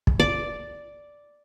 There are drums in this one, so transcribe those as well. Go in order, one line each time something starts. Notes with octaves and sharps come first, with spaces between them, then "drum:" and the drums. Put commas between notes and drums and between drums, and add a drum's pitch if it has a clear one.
drum: kick
D5